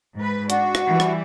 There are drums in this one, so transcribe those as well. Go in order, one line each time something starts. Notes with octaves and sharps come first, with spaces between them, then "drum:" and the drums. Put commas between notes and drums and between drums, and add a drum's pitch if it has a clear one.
G#2 B4
D4 F#4, drum: hi-hat
drum: rim click
E3 G3
drum: rim click